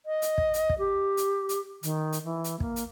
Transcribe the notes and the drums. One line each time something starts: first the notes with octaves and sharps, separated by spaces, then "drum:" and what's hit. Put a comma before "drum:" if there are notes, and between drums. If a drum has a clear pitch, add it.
D#5
drum: hi-hat
drum: kick
drum: hi-hat
drum: kick
G4
drum: hi-hat
drum: hi-hat
D#3, drum: hi-hat
drum: hi-hat
E3
drum: hi-hat
A#3, drum: kick
drum: hi-hat